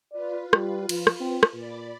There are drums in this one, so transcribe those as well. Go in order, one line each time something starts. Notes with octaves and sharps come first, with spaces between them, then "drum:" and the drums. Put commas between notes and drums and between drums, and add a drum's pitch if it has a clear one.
F4 B4 D5
G3, drum: rim click
F3, drum: cymbal
drum: rim click
C4
drum: rim click
A#2 D5 B5 A6